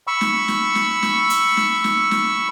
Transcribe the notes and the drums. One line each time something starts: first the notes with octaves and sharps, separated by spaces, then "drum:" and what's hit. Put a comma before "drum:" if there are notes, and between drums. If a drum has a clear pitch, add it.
B5 C#6 E6
drum: snare
drum: snare
drum: snare
drum: snare
drum: hi-hat
drum: snare
drum: snare
drum: snare